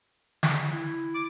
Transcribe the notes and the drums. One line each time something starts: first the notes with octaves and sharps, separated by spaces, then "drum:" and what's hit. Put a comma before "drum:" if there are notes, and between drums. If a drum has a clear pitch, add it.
drum: snare
E4
D6